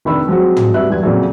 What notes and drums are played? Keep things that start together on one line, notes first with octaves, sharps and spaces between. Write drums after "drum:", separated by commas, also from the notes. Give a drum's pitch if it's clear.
F1 D#3 A3 D4 B5 E6
F3 F#3 G#3 C4 F#4
drum: tom
G2 C3 F#4 E5 F#6
E2 G2 F#3 G#6
F2 A#2 C#3 F3 F#3 A3